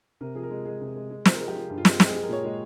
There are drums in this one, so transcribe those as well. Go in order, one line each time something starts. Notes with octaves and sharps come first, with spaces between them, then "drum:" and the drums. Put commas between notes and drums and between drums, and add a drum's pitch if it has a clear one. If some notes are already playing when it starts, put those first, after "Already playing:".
C3 A#4
F3 G#4
A#4
G#3
G#3 G#4
C3
G#3
G#3
F3 C5, drum: snare
A#4
G#3 G#4
G4
F3 F4
G2
F4
G#3, drum: snare
G#3 G4, drum: snare
G#3 G#4
A#4
A#2 C#5
G#3